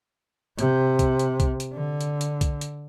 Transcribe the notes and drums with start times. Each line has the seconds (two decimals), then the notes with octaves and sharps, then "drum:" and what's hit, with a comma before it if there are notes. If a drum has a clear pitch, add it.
0.59 C3, drum: hi-hat
0.99 drum: kick B1, hi-hat
1.19 drum: hi-hat
1.40 drum: kick B1, hi-hat
1.60 drum: hi-hat
1.73 D3
2.01 drum: hi-hat
2.21 drum: hi-hat
2.41 drum: kick B1, hi-hat
2.61 drum: hi-hat